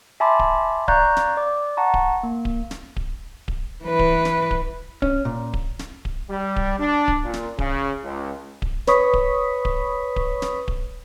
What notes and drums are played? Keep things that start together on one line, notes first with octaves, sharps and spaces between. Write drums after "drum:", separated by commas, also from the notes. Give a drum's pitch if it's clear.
E5 G#5 A5 B5 C6 D6
drum: kick D1
D5 F5 A#5 C#6 F#6 G6, drum: kick D1
drum: snare
D5 D6
F#5 A5 A#5 C#6
drum: kick D1
A#3
drum: kick D1
drum: snare
drum: kick D1
drum: kick D1
E3 B4
drum: kick D1
drum: snare
drum: kick D1
C#4, drum: kick D1
A#2
drum: kick D1
drum: snare
drum: kick D1
G3
drum: kick D1
D4
drum: kick D1
A#2
drum: snare
C#3, drum: kick D1
C#2
drum: kick D1
B4 C#5 B5 C#6 D#6 B6, drum: snare
drum: kick D1
drum: kick D1
drum: kick D1
drum: snare
drum: kick D1